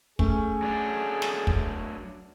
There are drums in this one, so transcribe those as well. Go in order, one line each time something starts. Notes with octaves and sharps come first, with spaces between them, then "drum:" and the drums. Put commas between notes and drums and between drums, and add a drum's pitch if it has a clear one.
A3 C#4 G#4, drum: kick
F#3 D4
drum: snare
drum: kick